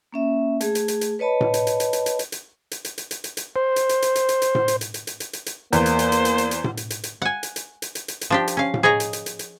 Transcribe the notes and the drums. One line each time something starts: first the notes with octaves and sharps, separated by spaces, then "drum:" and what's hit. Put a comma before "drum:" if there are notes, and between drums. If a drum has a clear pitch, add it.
A#3 C#4 E5
A3 G#4, drum: hi-hat
drum: hi-hat
drum: hi-hat
drum: hi-hat
B4 C#5 D#5 A5 B5
drum: tom A2
drum: hi-hat
drum: hi-hat
drum: hi-hat
drum: hi-hat
drum: hi-hat
drum: hi-hat
drum: hi-hat
drum: hi-hat
drum: hi-hat
drum: hi-hat
drum: hi-hat
drum: hi-hat
drum: hi-hat
C5
drum: hi-hat
drum: hi-hat
drum: hi-hat
drum: hi-hat
drum: hi-hat
drum: hi-hat
drum: tom A2
drum: hi-hat
drum: hi-hat
drum: hi-hat
drum: hi-hat
drum: hi-hat
drum: hi-hat
drum: hi-hat
E2 A#3 C5, drum: hi-hat
drum: hi-hat
drum: hi-hat
drum: hi-hat
drum: hi-hat
drum: hi-hat
drum: hi-hat
drum: tom A2
drum: hi-hat
drum: hi-hat
drum: hi-hat
F#5 G#5
drum: hi-hat
drum: hi-hat
drum: hi-hat
drum: hi-hat
drum: hi-hat
drum: hi-hat
F3 D4 G4
drum: hi-hat
C#4 F5
drum: tom A2
G#4 C#5 D#5 G#5 A#5
drum: hi-hat
drum: hi-hat
drum: hi-hat
drum: hi-hat